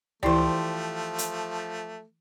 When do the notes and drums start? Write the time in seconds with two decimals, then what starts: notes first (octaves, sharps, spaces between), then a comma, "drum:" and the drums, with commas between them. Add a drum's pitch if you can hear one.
0.23 E3 F3 A3 E4 G4 C5 D5, drum: tom C#2
1.18 drum: hi-hat